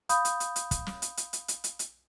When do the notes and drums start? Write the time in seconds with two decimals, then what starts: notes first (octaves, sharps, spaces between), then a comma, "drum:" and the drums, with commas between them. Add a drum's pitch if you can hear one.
0.09 F5 B5 D#6 G6, drum: hi-hat
0.25 drum: hi-hat
0.40 drum: hi-hat
0.56 drum: hi-hat
0.71 drum: kick, hi-hat
0.87 drum: snare
1.02 drum: hi-hat
1.17 drum: hi-hat
1.33 drum: hi-hat
1.48 drum: hi-hat
1.64 drum: hi-hat
1.79 drum: hi-hat